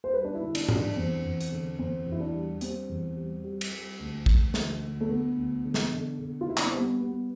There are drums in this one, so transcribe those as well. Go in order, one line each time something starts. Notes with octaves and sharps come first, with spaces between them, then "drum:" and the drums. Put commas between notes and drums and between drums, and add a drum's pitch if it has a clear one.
C5
G3 B4
D4
E4
D3
D4, drum: cymbal
G3, drum: tom G#2
D4
E2 C4
E2
drum: hi-hat
D3
E2 C4
E2
E4
D4
G3
G3 C4, drum: hi-hat
E2
G3
G3
drum: cymbal
G3
D2
D2, drum: kick
D2, drum: snare
D2
A3
D3 B3
D2
D3
drum: snare
D3
D3
F4
D3 E4
D4, drum: clap
C4
G3 B3
G3 B3